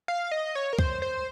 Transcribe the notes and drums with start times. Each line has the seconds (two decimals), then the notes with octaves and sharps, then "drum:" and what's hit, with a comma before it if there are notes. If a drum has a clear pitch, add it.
0.08 F5
0.31 D#5
0.55 C#5
0.73 A#4
0.79 C5, drum: kick C#2
1.02 C5